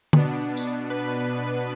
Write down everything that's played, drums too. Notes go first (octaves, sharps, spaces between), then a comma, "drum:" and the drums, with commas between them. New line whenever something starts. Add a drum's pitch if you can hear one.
B2 B3 D4, drum: tom D3
drum: tambourine
B4